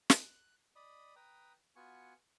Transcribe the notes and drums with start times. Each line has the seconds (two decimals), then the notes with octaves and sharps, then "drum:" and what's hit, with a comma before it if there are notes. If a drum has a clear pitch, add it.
0.10 F#6, drum: snare
0.76 D5 D#5 B5 D#6
1.16 B4 G5 A#5 D#6
1.76 B3 F4 F#4 G#5 C#6